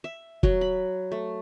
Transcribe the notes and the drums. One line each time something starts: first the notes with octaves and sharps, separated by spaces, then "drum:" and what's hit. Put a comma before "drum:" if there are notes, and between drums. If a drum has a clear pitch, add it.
E5
F#3, drum: kick
B5
A3